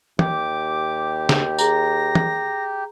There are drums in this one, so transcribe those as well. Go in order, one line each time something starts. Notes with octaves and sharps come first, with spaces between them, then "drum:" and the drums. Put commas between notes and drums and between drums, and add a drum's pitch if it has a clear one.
D#2 G4 D6, drum: tom
drum: snare
G#4 A#5 A#6, drum: tambourine
drum: tom